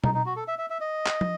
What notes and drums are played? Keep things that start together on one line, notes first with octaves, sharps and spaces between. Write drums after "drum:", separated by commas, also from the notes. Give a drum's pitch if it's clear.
D#4, drum: tom B2
D#4
F#4
A4
E5
E5
E5
D#5
drum: clap
drum: tom